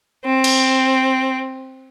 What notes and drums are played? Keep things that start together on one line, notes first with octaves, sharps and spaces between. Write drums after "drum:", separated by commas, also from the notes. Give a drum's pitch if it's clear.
C4
drum: cymbal